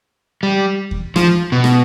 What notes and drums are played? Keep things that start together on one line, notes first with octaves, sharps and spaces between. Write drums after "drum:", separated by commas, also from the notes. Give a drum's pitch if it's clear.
G3
drum: kick D#2
F3, drum: rim click
B2
drum: rim click